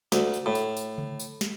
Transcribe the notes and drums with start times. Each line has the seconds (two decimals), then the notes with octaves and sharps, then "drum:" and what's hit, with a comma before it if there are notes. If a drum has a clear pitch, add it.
0.12 D2, drum: snare
0.34 drum: tambourine
0.46 A2
0.55 drum: tambourine
0.77 drum: tambourine
0.98 drum: tom C#3
1.20 drum: tambourine
1.41 drum: snare